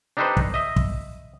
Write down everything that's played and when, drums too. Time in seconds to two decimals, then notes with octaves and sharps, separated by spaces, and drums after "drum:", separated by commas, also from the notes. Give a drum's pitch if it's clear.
0.17 D4 D#4 G4 A4 B4 C5
0.37 drum: kick
0.54 D#5 E5
0.76 drum: kick